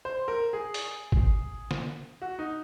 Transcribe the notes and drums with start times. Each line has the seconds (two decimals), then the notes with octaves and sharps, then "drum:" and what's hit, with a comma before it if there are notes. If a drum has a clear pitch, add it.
0.05 C5
0.28 A#4
0.53 G#4
0.74 drum: open hi-hat
1.12 drum: kick
1.71 drum: snare
2.22 F#4
2.39 D#4